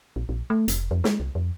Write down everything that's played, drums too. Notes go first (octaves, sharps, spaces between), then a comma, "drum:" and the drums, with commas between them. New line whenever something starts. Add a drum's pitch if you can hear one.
A#1
A#1
A3
F1, drum: hi-hat
F2
G#3, drum: snare
C2
F2